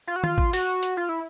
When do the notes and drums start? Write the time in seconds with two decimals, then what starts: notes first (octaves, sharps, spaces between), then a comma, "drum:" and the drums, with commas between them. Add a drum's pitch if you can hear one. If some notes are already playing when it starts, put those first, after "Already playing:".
0.07 F4
0.16 F#4
0.24 F4, drum: tom D#3
0.38 drum: kick
0.53 F#4, drum: open hi-hat
0.83 drum: hi-hat
0.97 F4
1.09 E4